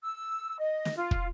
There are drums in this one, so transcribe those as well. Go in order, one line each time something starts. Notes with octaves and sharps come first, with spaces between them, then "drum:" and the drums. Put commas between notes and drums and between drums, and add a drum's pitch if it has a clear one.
E6
D#5
drum: snare
F4
drum: kick